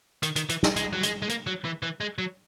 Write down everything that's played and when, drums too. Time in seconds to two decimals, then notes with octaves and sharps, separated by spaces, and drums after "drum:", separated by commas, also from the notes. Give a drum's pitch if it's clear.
0.23 D#3, drum: hi-hat
0.36 D#3, drum: hi-hat
0.49 E3, drum: hi-hat
0.63 drum: snare
0.76 G#3, drum: hi-hat
0.93 F#3
1.03 G#3, drum: hi-hat
1.22 G#3
1.29 A#3, drum: hi-hat
1.47 F#3
1.65 E3
1.83 E3
2.01 G#3
2.18 F#3